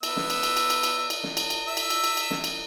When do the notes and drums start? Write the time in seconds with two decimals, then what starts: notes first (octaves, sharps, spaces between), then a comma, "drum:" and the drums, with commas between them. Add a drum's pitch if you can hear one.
0.03 B3 E5 E6, drum: cymbal
0.16 drum: snare
0.30 drum: cymbal
0.43 drum: cymbal
0.57 drum: cymbal
0.70 drum: cymbal
0.83 drum: cymbal
1.10 drum: cymbal
1.23 drum: snare
1.37 drum: cymbal
1.50 drum: cymbal
1.68 E5 E6
1.77 drum: cymbal
1.90 drum: cymbal
2.04 drum: cymbal
2.17 drum: cymbal
2.30 drum: snare
2.44 drum: cymbal